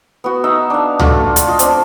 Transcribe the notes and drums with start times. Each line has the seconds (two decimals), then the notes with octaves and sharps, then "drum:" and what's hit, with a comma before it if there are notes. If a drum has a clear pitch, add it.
0.24 B3 F#4
0.44 D#4 E5
0.70 D4 F5
0.99 A3 D4 F4 F#4, drum: tom C#2
1.36 drum: hi-hat
1.48 F4 D#5
1.59 C4 D4, drum: hi-hat